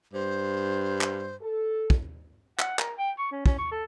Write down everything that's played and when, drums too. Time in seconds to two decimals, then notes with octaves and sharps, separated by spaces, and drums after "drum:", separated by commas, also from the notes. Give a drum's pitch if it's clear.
0.13 G2 C5
1.01 drum: clap
1.41 A4
1.90 drum: kick
2.59 F#5, drum: clap
2.79 A#4, drum: clap
2.98 G5
3.19 C#6
3.32 C#4
3.46 C#4, drum: kick
3.58 C#6
3.71 A4